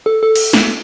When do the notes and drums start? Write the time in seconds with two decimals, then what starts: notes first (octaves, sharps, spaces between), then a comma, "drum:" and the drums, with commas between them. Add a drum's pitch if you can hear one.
0.06 A4
0.23 A4
0.35 drum: cymbal
0.53 drum: snare